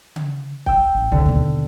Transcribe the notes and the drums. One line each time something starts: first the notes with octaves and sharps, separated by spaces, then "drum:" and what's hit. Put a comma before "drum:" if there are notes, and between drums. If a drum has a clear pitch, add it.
drum: tom C#3
G5 E6, drum: kick
A1
C2 F2 D3
D#2 B2